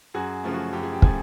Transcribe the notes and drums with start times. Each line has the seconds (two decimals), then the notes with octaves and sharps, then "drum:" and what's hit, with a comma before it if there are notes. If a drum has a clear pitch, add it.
0.14 F#2 F#4 G#4
0.44 C#3 F3 A3
0.54 F#4
0.73 F#2 G4
0.83 G#4
0.93 G4
1.02 C#3 F3 A3 G#4, drum: kick